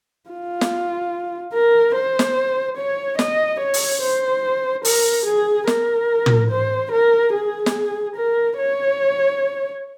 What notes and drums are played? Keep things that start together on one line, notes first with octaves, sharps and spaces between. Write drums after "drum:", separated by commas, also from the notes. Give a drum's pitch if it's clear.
F4
drum: snare
A#4
C5
drum: snare
C#5
D#5, drum: snare
C#5
drum: open hi-hat
C5
A#4, drum: open hi-hat
G#4
A#4, drum: snare
drum: tom
C5
A#4
G#4
drum: snare
A#4
C#5